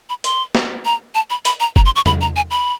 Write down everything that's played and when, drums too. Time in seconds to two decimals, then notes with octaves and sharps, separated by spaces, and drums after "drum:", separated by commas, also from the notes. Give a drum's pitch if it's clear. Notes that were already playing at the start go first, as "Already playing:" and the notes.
0.09 B5
0.24 C6, drum: hi-hat
0.55 drum: snare
0.85 A#5
1.15 A5
1.30 B5
1.45 B5, drum: hi-hat
1.60 A#5
1.76 A#5, drum: kick F#1
1.85 C6
1.96 C#6
2.06 B5, drum: tom E2
2.21 A#5
2.36 G#5
2.51 B5